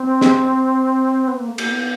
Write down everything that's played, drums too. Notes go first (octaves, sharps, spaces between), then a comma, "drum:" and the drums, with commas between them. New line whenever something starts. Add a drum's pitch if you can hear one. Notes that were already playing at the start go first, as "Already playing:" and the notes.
Already playing: C4
drum: snare
B3
A#3
A3
A#3, drum: cymbal
B3